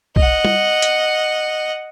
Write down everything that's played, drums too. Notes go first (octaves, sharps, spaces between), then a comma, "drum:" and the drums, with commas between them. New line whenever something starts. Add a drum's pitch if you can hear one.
D#5 F#5, drum: kick B1
drum: tom
drum: hi-hat